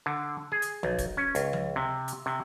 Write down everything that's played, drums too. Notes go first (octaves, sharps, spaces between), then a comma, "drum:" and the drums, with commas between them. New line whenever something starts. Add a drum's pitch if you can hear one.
D3
G#4
drum: hi-hat
B1, drum: tom F3
drum: kick, hi-hat
C#4
C#2, drum: hi-hat
drum: tom F3
C3
drum: hi-hat
C3